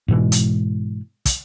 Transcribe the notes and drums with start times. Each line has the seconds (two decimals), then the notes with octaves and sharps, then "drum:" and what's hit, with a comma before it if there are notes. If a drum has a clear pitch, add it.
0.08 G#2 B2 E3 G#3
0.32 drum: hi-hat
1.26 drum: kick, hi-hat